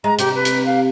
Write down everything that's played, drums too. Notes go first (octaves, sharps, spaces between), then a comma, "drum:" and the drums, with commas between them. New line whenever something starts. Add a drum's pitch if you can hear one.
G#3 A#5
C3 G4, drum: hi-hat
B4
drum: hi-hat
F5